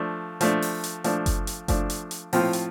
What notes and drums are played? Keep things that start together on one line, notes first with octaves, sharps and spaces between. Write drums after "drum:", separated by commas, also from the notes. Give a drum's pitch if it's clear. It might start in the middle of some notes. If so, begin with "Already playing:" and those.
Already playing: F3 A3 D4
F3 A3 D4, drum: hi-hat
drum: open hi-hat
drum: hi-hat
F3 A3 D4, drum: hi-hat
drum: kick F#1, hi-hat
drum: hi-hat
F3 A3 D4, drum: kick F#1, hi-hat
drum: hi-hat
drum: hi-hat
A2 F3 C4 F4, drum: open hi-hat
drum: hi-hat